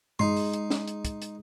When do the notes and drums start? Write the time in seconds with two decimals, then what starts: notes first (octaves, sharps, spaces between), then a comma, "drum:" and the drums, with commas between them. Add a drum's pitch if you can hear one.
0.19 G#3 D#4 C6, drum: tom G2
0.36 drum: open hi-hat
0.53 drum: hi-hat
0.70 drum: snare
0.88 drum: hi-hat
1.05 drum: kick, hi-hat
1.22 drum: hi-hat